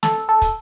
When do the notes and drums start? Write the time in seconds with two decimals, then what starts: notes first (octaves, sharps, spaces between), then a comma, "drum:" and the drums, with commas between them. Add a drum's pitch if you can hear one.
0.03 A4, drum: snare
0.29 A4
0.42 drum: kick, hi-hat